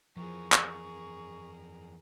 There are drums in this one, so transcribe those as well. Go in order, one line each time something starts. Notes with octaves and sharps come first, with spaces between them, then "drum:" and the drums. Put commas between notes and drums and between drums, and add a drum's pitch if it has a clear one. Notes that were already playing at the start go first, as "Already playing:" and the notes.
F2 E3 F3 G#4 A#4 C#6
drum: clap